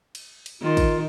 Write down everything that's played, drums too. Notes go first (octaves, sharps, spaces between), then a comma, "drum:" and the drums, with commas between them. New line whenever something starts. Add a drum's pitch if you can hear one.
drum: cymbal
drum: cymbal
D#3 F4
drum: kick, cymbal